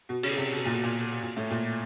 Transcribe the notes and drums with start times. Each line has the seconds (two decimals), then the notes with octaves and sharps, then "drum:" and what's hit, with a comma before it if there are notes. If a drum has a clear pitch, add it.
0.09 B2
0.23 C#3, drum: open hi-hat
0.37 C3
0.52 B2
0.65 A#2
0.74 B2
0.83 A#2
1.22 A#2
1.37 A2
1.50 A#2